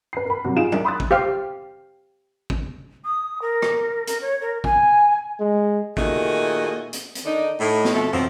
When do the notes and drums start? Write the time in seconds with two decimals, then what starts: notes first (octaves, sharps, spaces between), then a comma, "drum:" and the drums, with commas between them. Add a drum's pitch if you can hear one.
0.13 B4 C7
0.25 A#4 B5
0.44 C3 F#3 G3 F#4
0.56 D#4 F4 G#4 D7 E7
0.72 D4 A#4 E5, drum: tom
0.85 B5 C6 D#6 E6 F#6 A6
1.00 drum: kick
1.11 G4 C5 F5
2.50 drum: kick
3.04 D#6
3.42 A#4
3.62 drum: rim click
4.07 A#4, drum: hi-hat
4.22 C#5
4.41 A#4
4.64 G#5, drum: kick
5.40 G#3
5.97 A#2 D#3 A3 F#4 G#4 D#5, drum: kick
6.93 drum: hi-hat
7.15 drum: hi-hat
7.25 D3 D#3 D4 D#4
7.60 A2 D#4
7.85 drum: snare B3
7.94 F2 B2 A3 A4
8.13 B2 F3 F#3 C4, drum: tom